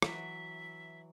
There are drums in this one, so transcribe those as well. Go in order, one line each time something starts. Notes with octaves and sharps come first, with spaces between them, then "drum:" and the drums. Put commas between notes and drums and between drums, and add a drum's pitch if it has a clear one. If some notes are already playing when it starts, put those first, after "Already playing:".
E3 F#3 E5, drum: rim click